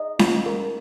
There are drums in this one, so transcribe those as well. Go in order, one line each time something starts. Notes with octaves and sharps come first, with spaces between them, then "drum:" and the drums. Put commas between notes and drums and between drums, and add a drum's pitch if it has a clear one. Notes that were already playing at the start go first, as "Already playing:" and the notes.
Already playing: D#5
F4, drum: snare C#4
A#4